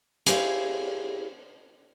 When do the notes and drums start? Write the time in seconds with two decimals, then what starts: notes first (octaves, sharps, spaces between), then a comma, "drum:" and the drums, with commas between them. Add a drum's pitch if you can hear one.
0.26 E4 G4 G#4 C5 C#5 F5, drum: hi-hat